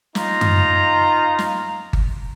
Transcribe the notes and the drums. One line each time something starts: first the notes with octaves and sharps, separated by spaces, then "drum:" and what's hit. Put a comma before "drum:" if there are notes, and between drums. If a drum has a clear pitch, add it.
D#4 F4 A#5, drum: snare
drum: tom F#2
drum: snare
drum: kick G1